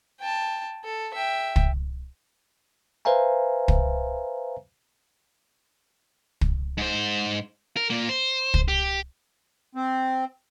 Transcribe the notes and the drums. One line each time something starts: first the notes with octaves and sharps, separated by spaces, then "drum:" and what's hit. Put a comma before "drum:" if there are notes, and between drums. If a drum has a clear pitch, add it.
G5 A5
A4
E5 G5
drum: kick
B4 C5 E5 F5 G#5 A#5
drum: kick
drum: kick
G#2 C5
A#4
A#2 A#3
C5
drum: kick
G4
C4